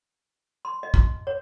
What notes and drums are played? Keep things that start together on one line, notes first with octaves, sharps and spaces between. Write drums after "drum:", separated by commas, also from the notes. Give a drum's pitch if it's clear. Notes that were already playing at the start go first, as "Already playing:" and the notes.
C6
D#5
drum: kick
C#5